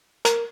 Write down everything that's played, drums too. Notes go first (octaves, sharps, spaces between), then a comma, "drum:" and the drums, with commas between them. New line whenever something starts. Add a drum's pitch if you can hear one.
A#4, drum: hi-hat